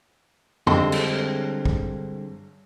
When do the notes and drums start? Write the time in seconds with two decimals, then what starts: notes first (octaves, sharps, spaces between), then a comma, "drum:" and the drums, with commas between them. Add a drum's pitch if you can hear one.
0.67 G2 D3 G#3 C4 A4 C6, drum: tom
0.92 drum: cymbal
1.65 drum: kick